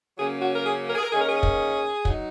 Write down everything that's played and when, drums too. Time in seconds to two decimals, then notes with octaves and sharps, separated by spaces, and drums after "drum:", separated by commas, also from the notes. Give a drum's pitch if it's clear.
0.18 C#3 F#3 A#3 C#4 G#4
0.41 F#4
0.55 A#4
0.65 G#4
0.88 A#4
0.95 G#4
1.03 A#4
1.11 D#3 A#3 C#4 G#4
1.20 A#4
1.29 G#4
1.43 drum: kick
2.05 F#3 D#4, drum: kick